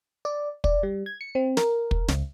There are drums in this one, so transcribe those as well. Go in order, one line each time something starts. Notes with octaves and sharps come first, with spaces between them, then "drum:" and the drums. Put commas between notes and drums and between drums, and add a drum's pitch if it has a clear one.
D5
D5, drum: kick
G3
G#6
C#7
C4
A#4, drum: snare
drum: kick
C#2, drum: snare